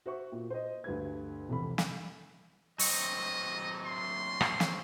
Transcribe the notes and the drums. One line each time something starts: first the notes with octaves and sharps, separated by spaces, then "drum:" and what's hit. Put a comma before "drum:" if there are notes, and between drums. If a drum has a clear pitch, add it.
F#4 C5 E5 C#6
A#2
C5 D#5
D2 G2 B4 G#6
F1 C2 E3 B5
drum: snare
F#3 C4 D#5, drum: open hi-hat
C6
drum: rim click
drum: snare